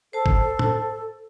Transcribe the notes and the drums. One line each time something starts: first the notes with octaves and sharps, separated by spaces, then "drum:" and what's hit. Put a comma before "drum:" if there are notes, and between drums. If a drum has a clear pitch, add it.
A4 C5 A5
drum: kick G1
drum: tom